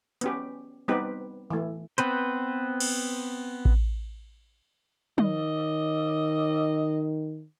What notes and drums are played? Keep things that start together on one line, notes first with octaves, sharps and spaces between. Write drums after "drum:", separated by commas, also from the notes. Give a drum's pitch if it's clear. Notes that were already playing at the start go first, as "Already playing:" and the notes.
B3 C#4 G4, drum: hi-hat
G3 B3 C4 D#4 G4 B4
E3 A3
B3 C4 B4 C5, drum: hi-hat
drum: cymbal
drum: kick A1
D#3 D#5, drum: tom